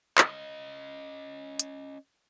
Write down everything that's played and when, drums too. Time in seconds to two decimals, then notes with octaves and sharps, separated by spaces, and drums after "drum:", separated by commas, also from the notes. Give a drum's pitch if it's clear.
0.18 C#4 D#5, drum: clap
1.59 drum: hi-hat